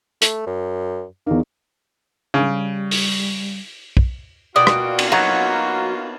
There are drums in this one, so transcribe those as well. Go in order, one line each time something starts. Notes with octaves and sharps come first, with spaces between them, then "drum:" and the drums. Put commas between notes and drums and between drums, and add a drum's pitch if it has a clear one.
A3, drum: hi-hat
F#2
E2 A#3 D#4
C#3 G3
drum: open hi-hat
drum: kick
B2 A#3 F4 F#4 D5 G5 D#6
drum: rim click
drum: cymbal
F#3 B3 D#4 C#5 A#5